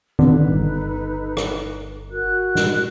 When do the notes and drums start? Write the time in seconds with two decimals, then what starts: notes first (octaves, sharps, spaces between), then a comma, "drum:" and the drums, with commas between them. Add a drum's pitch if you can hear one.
0.19 D3 D#4 A4 B4, drum: tom
0.48 G1
1.37 drum: rim click
2.09 F#4 A#4 F#6
2.55 drum: snare